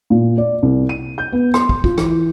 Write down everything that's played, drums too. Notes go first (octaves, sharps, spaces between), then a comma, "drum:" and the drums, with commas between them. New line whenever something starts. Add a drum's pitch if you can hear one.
A#2
D5
C2
D#7
G6
B3
C6, drum: rim click
drum: kick
F4, drum: kick
E3, drum: rim click